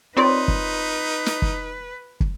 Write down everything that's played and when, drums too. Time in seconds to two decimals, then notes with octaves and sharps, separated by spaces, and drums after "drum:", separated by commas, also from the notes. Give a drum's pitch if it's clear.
0.17 C4 D#4 F4 A#4 B4 C#5 D5 C6
0.48 drum: kick
1.26 drum: snare
1.42 drum: kick
2.20 drum: kick